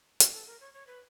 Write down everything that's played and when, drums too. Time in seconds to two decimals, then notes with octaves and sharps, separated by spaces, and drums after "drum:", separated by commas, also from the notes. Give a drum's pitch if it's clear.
0.20 F#4, drum: hi-hat
0.33 A4
0.47 A#4
0.60 C#5
0.74 C#5
0.87 B4